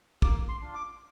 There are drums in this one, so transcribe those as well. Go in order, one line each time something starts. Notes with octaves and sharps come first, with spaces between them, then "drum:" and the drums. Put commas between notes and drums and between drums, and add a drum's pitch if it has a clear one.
A#3 D6, drum: kick
C6
D4 F4
D6